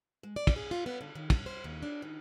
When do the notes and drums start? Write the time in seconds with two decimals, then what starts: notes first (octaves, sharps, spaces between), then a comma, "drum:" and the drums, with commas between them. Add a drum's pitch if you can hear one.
0.23 G#3
0.36 D5
0.47 drum: kick, cymbal
0.56 G#4
0.71 F4
0.86 B3
1.01 D3
1.15 D#3
1.30 G2, drum: kick, cymbal
1.46 C5
1.64 D#2
1.83 D4
2.02 D#3